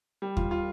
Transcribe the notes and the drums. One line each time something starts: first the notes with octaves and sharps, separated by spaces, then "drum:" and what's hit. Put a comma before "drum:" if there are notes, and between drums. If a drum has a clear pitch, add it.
G3
F4, drum: kick
F4